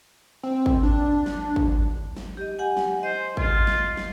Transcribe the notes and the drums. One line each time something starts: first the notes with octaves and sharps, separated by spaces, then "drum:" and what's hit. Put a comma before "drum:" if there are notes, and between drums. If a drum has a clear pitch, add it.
C4
drum: kick G#1
D4
drum: snare
drum: kick G#1
drum: snare
G4 D#5
G4 F#5 G#5
drum: snare
C5 D#5
F4, drum: kick G#1
drum: snare
drum: snare